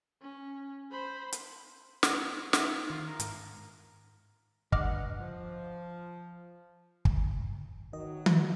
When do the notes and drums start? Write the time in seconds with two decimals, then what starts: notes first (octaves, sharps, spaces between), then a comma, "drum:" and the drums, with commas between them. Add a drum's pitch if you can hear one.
0.22 C#4
0.92 C5 B5
1.33 drum: hi-hat
2.03 drum: snare
2.53 D#4 E5, drum: snare
2.90 D#3 F4
3.07 A#4
3.20 G#2, drum: hi-hat
4.72 G2 D#5 F#5 D6 F6, drum: kick
5.20 F3
7.05 drum: kick
7.93 D#3 E3 F#3 F#4 D#5
8.26 drum: tom D#3